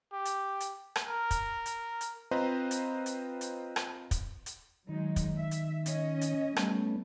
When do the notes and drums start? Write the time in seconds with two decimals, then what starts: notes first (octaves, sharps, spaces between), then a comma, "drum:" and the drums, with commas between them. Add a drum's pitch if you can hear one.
0.13 G4
0.25 drum: hi-hat
0.60 drum: hi-hat
0.96 drum: rim click
1.08 A#4
1.31 drum: kick, hi-hat
1.66 drum: hi-hat
2.01 drum: hi-hat
2.31 C4 F4 B4 C5 D#5 A#5
2.71 drum: hi-hat
3.06 drum: hi-hat
3.41 drum: hi-hat
3.76 drum: rim click
4.11 drum: kick, hi-hat
4.46 drum: hi-hat
4.89 D#3 F#3 G#3 D#4
5.16 drum: kick, hi-hat
5.38 E5
5.51 drum: hi-hat
5.86 C#4 D#5, drum: hi-hat
6.21 drum: hi-hat
6.56 G3 A3 B3 C#4, drum: rim click